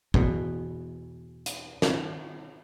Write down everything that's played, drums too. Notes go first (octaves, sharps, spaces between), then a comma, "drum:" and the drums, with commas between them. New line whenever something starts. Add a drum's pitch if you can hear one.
E2 B2, drum: kick
drum: hi-hat
drum: snare